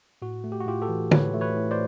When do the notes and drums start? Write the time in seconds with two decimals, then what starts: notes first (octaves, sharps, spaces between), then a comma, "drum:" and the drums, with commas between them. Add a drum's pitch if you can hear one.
0.22 A2 F#4
0.44 A3
0.52 G4
0.60 F#4
0.67 A2 F4 G4
0.82 G4 A4
0.89 E3
1.11 A2 B4 C#5, drum: tom D3
1.34 A3
1.41 B4 C#5
1.57 A2
1.71 C5 D5